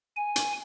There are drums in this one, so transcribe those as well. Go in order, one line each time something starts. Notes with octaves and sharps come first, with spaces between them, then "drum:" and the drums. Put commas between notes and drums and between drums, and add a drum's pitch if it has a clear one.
G#5
drum: hi-hat